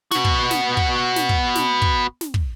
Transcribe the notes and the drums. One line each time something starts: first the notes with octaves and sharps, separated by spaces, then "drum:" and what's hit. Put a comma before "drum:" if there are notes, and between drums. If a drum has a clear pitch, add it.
B3 F#4, drum: snare
drum: kick
drum: snare
drum: kick
drum: snare
drum: kick
drum: snare
drum: kick
drum: snare
drum: kick